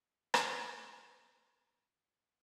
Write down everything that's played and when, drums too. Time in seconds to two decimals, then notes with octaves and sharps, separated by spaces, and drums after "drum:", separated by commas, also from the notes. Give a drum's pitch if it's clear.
0.34 drum: rim click
0.60 G4
1.57 D#6 F6